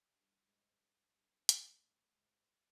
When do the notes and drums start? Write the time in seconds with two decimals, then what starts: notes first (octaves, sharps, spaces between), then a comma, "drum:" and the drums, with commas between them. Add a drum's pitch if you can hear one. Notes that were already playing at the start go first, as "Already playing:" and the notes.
0.11 G2 G3
0.46 G#2 G#3
1.15 G2 G3
1.49 A2 A3, drum: hi-hat
2.17 G#2 G#3